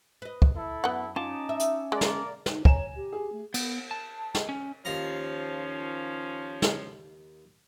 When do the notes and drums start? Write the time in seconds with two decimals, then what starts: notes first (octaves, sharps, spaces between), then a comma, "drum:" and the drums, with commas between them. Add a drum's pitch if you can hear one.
0.22 B4 D#5
0.42 drum: kick
0.55 E4 A4
0.84 F#2 B3 F#5
1.16 C#4 D#4 F4 A5 D6
1.49 E5
1.59 drum: hi-hat
1.92 G#3 A#3 A#4 D5
2.01 drum: snare
2.46 D#4, drum: snare
2.65 C#5 G#5 A#5 E7, drum: kick
2.96 G4
3.13 G#4
3.32 A3
3.54 B3, drum: cymbal
3.91 A5
4.35 drum: snare
4.49 C#4
4.85 D#2 F3 C#4 F5 A#5
6.62 drum: snare